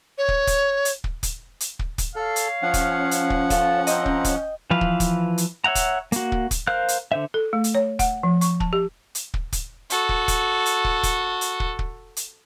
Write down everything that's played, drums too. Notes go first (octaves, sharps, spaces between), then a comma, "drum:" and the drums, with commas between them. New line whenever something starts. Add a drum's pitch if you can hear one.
C#5
drum: kick
drum: kick, hi-hat
drum: hi-hat
drum: kick
drum: kick, hi-hat
drum: hi-hat
drum: kick
drum: kick, hi-hat
A4 C#5 F5
drum: hi-hat
F3 C#4 F#5
drum: kick, hi-hat
drum: hi-hat
drum: kick
F4 A4, drum: kick, hi-hat
C4 A#4 D#5 G5 A#5, drum: hi-hat
drum: kick
drum: kick, hi-hat
E3 F3 B4 F5
drum: kick
drum: kick, hi-hat
drum: hi-hat
C#5 E5 F#5 A#5
drum: kick, hi-hat
A#3 F#4, drum: hi-hat
drum: kick
drum: kick, hi-hat
A#4 C5 F5 F#6
drum: hi-hat
D3 C5 E5
A4
A3
drum: hi-hat
C#5
F#5, drum: kick, hi-hat
F3
C#6, drum: hi-hat
A5, drum: kick
G4
drum: hi-hat
drum: kick
drum: kick, hi-hat
F#4 A4, drum: hi-hat
drum: kick
drum: kick, hi-hat
drum: hi-hat
drum: kick
drum: kick, hi-hat
drum: hi-hat
drum: kick
drum: kick
drum: hi-hat